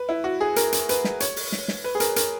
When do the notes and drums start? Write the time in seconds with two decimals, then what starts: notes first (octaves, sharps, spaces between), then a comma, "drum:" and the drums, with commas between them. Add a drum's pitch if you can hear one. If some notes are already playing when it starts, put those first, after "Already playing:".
Already playing: B4
0.09 E4
0.24 F#4
0.41 G#4
0.56 A#4, drum: hi-hat
0.72 drum: hi-hat
0.89 B4, drum: hi-hat
1.04 drum: snare
1.20 C#5, drum: hi-hat
1.36 drum: open hi-hat
1.52 drum: snare
1.68 drum: snare
1.84 B4
1.95 G#4
2.00 A#4, drum: hi-hat
2.16 A#4, drum: hi-hat